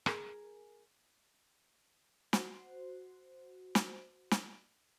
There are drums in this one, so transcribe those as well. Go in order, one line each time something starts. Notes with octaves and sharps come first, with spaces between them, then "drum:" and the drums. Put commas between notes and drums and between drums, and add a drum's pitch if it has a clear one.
G#4 A#4, drum: rim click
F#4 C5, drum: snare
drum: snare
drum: snare